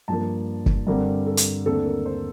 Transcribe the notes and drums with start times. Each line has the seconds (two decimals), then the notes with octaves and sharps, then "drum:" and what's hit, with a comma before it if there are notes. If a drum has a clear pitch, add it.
0.08 G2 F3 A#3 A5
0.66 drum: kick
0.87 G2 D3 G3 C4 A#4
1.27 A4
1.37 drum: hi-hat
1.66 D#2 D3 A3 C4 A4
1.86 A#4
2.06 C5